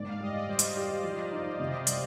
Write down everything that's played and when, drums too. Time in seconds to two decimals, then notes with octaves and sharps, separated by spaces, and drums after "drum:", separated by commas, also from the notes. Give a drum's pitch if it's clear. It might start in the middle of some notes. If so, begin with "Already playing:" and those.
Already playing: G#2 A#3 D5
0.09 F5
0.20 G3 D#5
0.36 D5
0.49 G3 C5
0.59 drum: hi-hat
0.77 G4
1.04 F3
1.31 D#4
1.60 C3
1.87 G3, drum: hi-hat